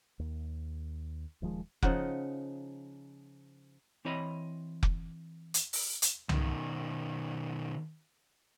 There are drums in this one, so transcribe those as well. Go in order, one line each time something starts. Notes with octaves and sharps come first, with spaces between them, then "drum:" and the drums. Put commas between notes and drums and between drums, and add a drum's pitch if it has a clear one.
D#2
D#1 D#3 F3 G#3
C#3 F3 D#4 F#5, drum: kick F1
E3 C4 E4 C#5 D#5 B5
drum: kick F1
drum: hi-hat
drum: open hi-hat
drum: hi-hat
B2 D#3, drum: tom C2